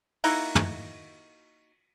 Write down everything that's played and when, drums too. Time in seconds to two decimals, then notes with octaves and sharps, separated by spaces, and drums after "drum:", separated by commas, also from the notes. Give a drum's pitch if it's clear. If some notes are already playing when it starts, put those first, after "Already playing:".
0.24 A#3 D#4 E4 F#4, drum: open hi-hat
0.55 drum: tom